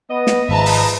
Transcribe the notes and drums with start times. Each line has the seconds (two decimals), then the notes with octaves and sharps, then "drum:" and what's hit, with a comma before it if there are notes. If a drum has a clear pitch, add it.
0.10 B3 D#5
0.27 drum: snare
0.49 G#1 G#2 F3 B4 E5 A5 A#5
0.66 drum: open hi-hat